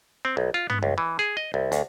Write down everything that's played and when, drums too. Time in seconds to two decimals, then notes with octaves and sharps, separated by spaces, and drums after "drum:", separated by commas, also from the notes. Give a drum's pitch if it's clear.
0.25 C4
0.37 B1
0.54 F4
0.70 B3, drum: tom
0.83 C#2
0.98 E3
1.19 G#4
1.37 D#5
1.54 C2
1.72 D2, drum: hi-hat